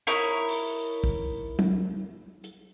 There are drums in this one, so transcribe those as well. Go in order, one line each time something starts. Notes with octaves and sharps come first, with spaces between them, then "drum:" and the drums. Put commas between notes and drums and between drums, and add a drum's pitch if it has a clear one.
D#4 E4 A#4 C#5
drum: open hi-hat
drum: kick
drum: tom F#3
drum: hi-hat